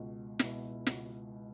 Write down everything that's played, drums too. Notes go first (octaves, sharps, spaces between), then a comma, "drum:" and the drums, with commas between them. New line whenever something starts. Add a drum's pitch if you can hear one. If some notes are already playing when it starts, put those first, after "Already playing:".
Already playing: C#2 B2 F#4
B2 E4, drum: snare
C#2, drum: snare